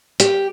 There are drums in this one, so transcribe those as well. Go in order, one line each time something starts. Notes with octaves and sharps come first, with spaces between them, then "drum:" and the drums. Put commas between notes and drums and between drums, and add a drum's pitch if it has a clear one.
G4, drum: hi-hat